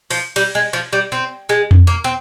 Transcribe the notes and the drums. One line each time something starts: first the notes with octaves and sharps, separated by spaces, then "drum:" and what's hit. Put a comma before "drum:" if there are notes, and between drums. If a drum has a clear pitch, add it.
F3, drum: open hi-hat
G3, drum: cymbal
G#3
F3
G3
C4
G#3
drum: tom E2
A#3
C4